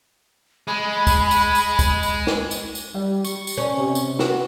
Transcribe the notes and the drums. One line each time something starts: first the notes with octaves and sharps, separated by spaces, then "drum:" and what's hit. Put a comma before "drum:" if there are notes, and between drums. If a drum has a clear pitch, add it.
G#3 B5
drum: kick, tambourine
drum: tambourine
drum: tambourine
drum: kick, tambourine
drum: tambourine
drum: snare
drum: tambourine
drum: tambourine
G3
C#6, drum: tambourine
drum: tambourine
C#4
C3
drum: tambourine
F#4, drum: snare